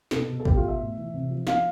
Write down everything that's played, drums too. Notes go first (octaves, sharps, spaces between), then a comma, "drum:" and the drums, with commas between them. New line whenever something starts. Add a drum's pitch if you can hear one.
B2 A4, drum: snare
B2
A4
B2 G4, drum: kick
F4
B2
E5
A2
E3
C3
F3
F3 F5, drum: snare